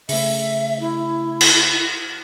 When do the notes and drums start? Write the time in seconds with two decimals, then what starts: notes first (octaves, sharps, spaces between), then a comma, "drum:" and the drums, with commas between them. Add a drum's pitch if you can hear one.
0.09 C#3 A3 E5, drum: open hi-hat
0.80 E4
1.41 drum: cymbal